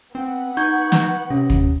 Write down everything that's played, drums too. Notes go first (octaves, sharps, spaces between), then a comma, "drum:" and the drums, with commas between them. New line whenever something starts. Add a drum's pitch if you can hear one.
B3 C4 F#5
D#4 C#6 G6 G#6
drum: snare
C3 C#4
drum: kick